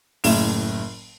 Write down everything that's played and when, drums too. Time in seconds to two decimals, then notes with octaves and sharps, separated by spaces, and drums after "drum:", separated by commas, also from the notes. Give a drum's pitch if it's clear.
0.24 F#1 A2 E7, drum: open hi-hat